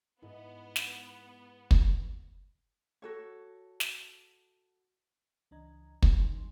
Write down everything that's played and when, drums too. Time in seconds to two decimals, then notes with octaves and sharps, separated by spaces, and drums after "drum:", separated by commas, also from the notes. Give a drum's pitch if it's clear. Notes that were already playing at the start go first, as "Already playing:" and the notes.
0.23 G#2 B3 E4
0.76 drum: snare
1.71 drum: kick
3.02 F#4 A4 C#5
3.80 drum: snare
5.51 C#2 E3 D4 D#5 A#5 G#6
6.03 drum: kick
6.18 E2 D#3 G3 D#4 G#5 C6